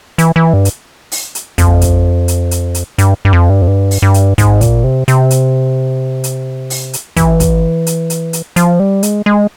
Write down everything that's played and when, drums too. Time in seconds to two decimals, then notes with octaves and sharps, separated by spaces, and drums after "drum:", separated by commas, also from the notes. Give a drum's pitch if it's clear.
0.18 E3, drum: hi-hat
0.36 E3
0.53 G2
0.65 drum: hi-hat
1.12 drum: open hi-hat
1.35 drum: hi-hat
1.58 F2, drum: kick, hi-hat
1.81 drum: kick, hi-hat
2.28 drum: hi-hat
2.51 drum: hi-hat
2.75 drum: hi-hat
2.98 G2, drum: hi-hat
3.25 G2
3.33 F2
3.50 G2
3.62 F2
3.68 G2
3.91 drum: open hi-hat
4.02 G2
4.14 drum: hi-hat
4.38 G#2, drum: kick, hi-hat
4.61 A#2, drum: kick, hi-hat
4.84 C3
5.08 C3, drum: hi-hat
5.31 drum: hi-hat
6.24 drum: hi-hat
6.70 drum: open hi-hat
6.93 drum: hi-hat
7.17 E3, drum: kick, hi-hat
7.40 drum: kick, hi-hat
7.87 drum: hi-hat
8.10 drum: hi-hat
8.33 drum: hi-hat
8.56 F3, drum: hi-hat
8.80 G3
9.03 G#3, drum: hi-hat
9.26 G#3